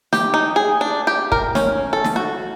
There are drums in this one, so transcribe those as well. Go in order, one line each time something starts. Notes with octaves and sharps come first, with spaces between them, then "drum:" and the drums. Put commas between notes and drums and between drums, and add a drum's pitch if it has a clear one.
G4, drum: snare
D#4
G#4
D4
G4
A#4, drum: kick
C#4, drum: snare
A4
drum: snare
F#4